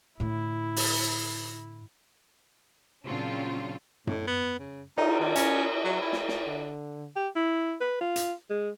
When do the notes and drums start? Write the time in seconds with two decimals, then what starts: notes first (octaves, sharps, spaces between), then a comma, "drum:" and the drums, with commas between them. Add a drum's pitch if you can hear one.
0.20 A2 D3 E4
0.76 drum: open hi-hat
3.05 A#2 C#3 F#3 C4 D4 F4
4.07 A2, drum: tom F#2
4.27 B3
4.59 C#3
4.98 D#4, drum: cymbal
5.20 D#3
5.35 C#4, drum: hi-hat
5.85 F#3
6.01 E4
6.12 drum: snare
6.28 drum: snare
6.47 D3
7.16 G4
7.36 E4
7.81 B4
8.01 F4
8.16 drum: hi-hat
8.50 G#3